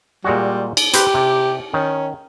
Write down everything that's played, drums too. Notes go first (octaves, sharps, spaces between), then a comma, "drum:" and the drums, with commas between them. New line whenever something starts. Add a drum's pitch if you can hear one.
A#2 G3 G#3 F#4
drum: cymbal
G4 B4 C5, drum: hi-hat
C3
D#3 C#4